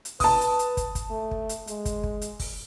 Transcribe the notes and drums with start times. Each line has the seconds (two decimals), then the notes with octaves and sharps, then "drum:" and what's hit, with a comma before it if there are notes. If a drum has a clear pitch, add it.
0.05 drum: hi-hat
0.20 B4 A5 D#6, drum: kick, open hi-hat
0.41 drum: hi-hat
0.59 drum: hi-hat
0.77 drum: kick, hi-hat
0.95 drum: kick, hi-hat
1.10 A3
1.31 drum: kick
1.49 drum: hi-hat
1.67 G#3, drum: hi-hat
1.85 drum: kick, hi-hat
2.03 drum: kick
2.22 drum: hi-hat
2.40 drum: kick, open hi-hat